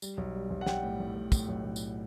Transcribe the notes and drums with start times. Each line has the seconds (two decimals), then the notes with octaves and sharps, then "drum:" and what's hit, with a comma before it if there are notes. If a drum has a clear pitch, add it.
0.02 G3, drum: tambourine
0.17 B1
0.35 G3
0.50 B1
0.61 F#5
0.66 G3 G5, drum: snare
0.83 A2
1.00 A2
1.16 A2
1.32 A2, drum: kick, tambourine
1.48 B1
1.64 A2
1.76 drum: tambourine